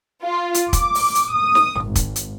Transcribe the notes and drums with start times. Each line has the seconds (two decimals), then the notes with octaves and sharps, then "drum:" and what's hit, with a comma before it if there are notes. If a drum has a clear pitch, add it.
0.23 F4
0.54 drum: hi-hat
0.73 D6, drum: kick, hi-hat
0.95 drum: open hi-hat
1.15 drum: hi-hat
1.35 D#6
1.55 drum: snare
1.84 G#1
1.95 drum: kick, hi-hat
2.16 drum: hi-hat